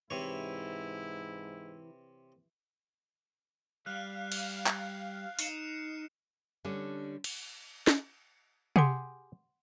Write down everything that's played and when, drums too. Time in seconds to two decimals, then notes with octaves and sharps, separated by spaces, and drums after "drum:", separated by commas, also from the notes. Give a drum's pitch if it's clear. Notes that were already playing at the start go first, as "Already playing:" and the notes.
0.10 G#2 C3 E3 E4 C#5
3.86 G3 F5 F6 F#6
4.32 drum: cymbal
4.66 drum: clap
5.39 D#4 C7 C#7 E7, drum: open hi-hat
6.64 D3 G3 C#4 D4
7.24 drum: cymbal
7.87 drum: snare
8.76 G4 G#4 F#5 C6, drum: tom C3